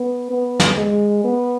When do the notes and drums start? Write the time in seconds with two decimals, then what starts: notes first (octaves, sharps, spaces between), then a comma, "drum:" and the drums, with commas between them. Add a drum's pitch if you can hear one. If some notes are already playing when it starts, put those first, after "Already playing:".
Already playing: B3
0.30 B3
0.60 drum: snare
0.77 G#3
1.24 B3